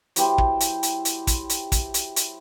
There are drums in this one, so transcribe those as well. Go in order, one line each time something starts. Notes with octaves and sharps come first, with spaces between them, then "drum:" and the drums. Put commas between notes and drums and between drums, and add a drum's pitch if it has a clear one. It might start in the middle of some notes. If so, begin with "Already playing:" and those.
F#3 E4 G4 C5, drum: hi-hat
drum: kick
drum: hi-hat
drum: hi-hat
drum: hi-hat
drum: kick, hi-hat
drum: hi-hat
drum: kick, hi-hat
drum: hi-hat
drum: hi-hat